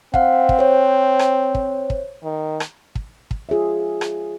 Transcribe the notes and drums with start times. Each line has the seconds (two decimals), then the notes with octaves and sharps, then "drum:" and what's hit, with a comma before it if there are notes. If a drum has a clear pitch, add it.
0.14 C4 F5 F#5, drum: kick
0.49 drum: kick
0.59 C5 C#5
1.19 drum: rim click
1.55 drum: kick
1.90 drum: kick
2.24 D#3
2.60 drum: rim click
2.95 drum: kick
3.31 drum: kick
3.49 F4 G#4 C#5 E5
4.01 drum: rim click